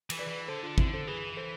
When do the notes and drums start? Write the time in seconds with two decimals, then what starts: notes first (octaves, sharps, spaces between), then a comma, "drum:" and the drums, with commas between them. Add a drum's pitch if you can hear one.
0.10 E3, drum: cymbal
0.19 B4 D5
0.29 E3
0.48 D3 A4 C5
0.63 D4 F4
0.78 D3 C4 E4, drum: kick G#1
0.94 A4 C5
1.07 E3 G#4 B4
1.37 A4 C5